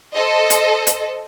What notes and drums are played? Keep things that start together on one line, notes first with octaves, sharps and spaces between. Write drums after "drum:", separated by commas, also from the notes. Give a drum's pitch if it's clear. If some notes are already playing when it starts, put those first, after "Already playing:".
A4 C5 D#5
drum: hi-hat
drum: hi-hat